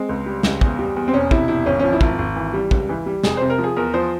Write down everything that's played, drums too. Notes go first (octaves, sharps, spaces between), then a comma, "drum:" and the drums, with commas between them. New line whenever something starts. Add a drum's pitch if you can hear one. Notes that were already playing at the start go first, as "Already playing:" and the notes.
Already playing: G#3 C4
C#2
G3
C#2, drum: snare
E2, drum: kick
G3
E2
C4
E1 C#4
C3 E4, drum: kick
E1 E4
G#1 C#4
F3 C#4
E4
G#1, drum: kick
G#1
E3
G3
C#2, drum: kick
E3
G3
F1 G#4, drum: snare
C3 C5
A#4
F3
G#4
E2 A#4
F3 C5